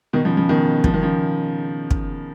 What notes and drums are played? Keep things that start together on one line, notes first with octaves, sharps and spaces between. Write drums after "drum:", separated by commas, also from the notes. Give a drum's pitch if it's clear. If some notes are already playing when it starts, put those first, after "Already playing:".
B2 D#3
C#3 F3
C#3 F3
B2 D#3
F3, drum: kick
D#3
C#3 F3
drum: kick